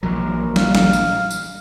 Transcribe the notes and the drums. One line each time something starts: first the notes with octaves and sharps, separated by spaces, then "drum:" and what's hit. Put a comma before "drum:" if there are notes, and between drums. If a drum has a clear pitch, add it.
A#1 E3 F#3 A#4
F5, drum: snare
drum: snare
drum: tambourine
drum: tambourine